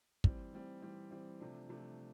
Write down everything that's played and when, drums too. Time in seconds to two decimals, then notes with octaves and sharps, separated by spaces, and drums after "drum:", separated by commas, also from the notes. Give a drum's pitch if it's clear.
0.24 E3 G3 C4, drum: kick
0.53 E3 G3 C4
0.82 E3 G3 C4
1.11 E3 G3 C4
1.40 C3 F3 A3 D4
1.69 C3 F3 A3 D4